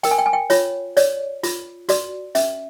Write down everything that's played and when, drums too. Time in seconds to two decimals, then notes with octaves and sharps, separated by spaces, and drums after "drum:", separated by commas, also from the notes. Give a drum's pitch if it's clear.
0.03 A#4 G5, drum: hi-hat
0.11 G#5
0.18 G5
0.26 G#5
0.33 G5
0.50 F4 C#5, drum: hi-hat
0.97 C#5 D5, drum: hi-hat
1.43 F4, drum: hi-hat
1.89 F#4 D5, drum: hi-hat
2.35 C#4 E5, drum: hi-hat